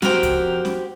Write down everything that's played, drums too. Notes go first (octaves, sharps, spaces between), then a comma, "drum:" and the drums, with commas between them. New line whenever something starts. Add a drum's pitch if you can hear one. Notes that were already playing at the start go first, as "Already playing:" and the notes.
F2 F#4 G4 A#4 C5 G5, drum: snare
drum: kick C2, hi-hat
drum: snare